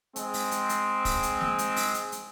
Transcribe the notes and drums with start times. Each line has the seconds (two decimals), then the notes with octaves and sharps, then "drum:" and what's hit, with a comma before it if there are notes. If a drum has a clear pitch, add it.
0.16 G#3 C4, drum: hi-hat
0.34 drum: open hi-hat
0.51 drum: hi-hat
0.69 drum: hi-hat
1.05 drum: kick, open hi-hat
1.23 drum: hi-hat
1.41 drum: snare
1.58 drum: hi-hat
1.76 drum: open hi-hat
1.94 drum: hi-hat
2.12 drum: hi-hat